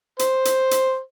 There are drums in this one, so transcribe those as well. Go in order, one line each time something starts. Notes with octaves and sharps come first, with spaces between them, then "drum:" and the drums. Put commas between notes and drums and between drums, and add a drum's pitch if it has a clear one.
C5, drum: hi-hat
drum: hi-hat
drum: hi-hat